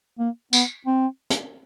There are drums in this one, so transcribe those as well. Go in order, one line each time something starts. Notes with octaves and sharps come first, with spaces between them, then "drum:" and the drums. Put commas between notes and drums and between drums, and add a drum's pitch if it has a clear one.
A#3
B3, drum: tambourine
C4
drum: hi-hat